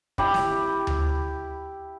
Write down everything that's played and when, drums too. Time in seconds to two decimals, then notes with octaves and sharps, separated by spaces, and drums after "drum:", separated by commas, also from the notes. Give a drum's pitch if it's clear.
0.18 E4 G4 B5, drum: kick
0.34 drum: snare
0.87 drum: tom D2